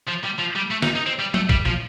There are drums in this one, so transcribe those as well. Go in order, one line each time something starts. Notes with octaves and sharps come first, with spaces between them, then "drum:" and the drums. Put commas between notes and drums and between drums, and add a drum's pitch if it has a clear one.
F3
G3
F3
G3
A3
D#4, drum: snare
D#4
C4
G3
A3, drum: tom F#3
G3, drum: kick
F3, drum: tom A#2